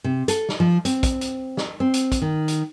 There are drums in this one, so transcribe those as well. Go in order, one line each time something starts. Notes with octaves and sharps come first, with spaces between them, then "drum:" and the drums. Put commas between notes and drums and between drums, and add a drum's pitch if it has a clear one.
C3
A4, drum: hi-hat
drum: snare
F3
C4, drum: hi-hat
drum: kick, hi-hat
drum: hi-hat
drum: snare
C4
drum: hi-hat
drum: kick, hi-hat
D#3
drum: hi-hat